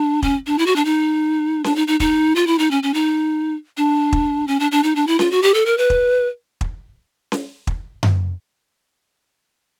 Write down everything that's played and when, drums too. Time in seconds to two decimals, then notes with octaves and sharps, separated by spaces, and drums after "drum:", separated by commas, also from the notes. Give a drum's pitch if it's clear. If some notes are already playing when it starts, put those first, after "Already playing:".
Already playing: D4
0.23 C#4, drum: kick
0.47 D4
0.58 E4
0.66 F#4
0.76 D4
0.85 D#4
1.64 D4, drum: snare C#4
1.76 D#4
1.87 D#4
2.00 D#4, drum: kick
2.36 F4
2.47 E4
2.59 D#4
2.71 C#4
2.83 C#4
2.94 D#4
3.77 D4
4.13 drum: kick
4.48 C#4
4.60 D4
4.72 D4
4.83 D#4
4.96 D4
5.07 E4
5.19 F4, drum: snare C#4
5.31 F#4
5.43 G4
5.54 A4
5.66 A#4
5.78 B4
5.90 drum: kick
6.61 drum: kick
7.32 drum: snare C#4
7.67 drum: kick
8.03 drum: tom F#2